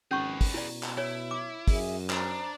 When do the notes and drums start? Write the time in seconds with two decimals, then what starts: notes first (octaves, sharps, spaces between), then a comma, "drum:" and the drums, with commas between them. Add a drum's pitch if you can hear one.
0.11 G#1 C#4 G#4 B4 C#6
0.41 drum: kick, open hi-hat
0.54 B2 E4 D5
0.83 drum: clap
0.98 E4 C#5
1.31 D6
1.68 F#2 G#4 D#5 E5, drum: kick, open hi-hat
2.10 D4 C5 A#5, drum: clap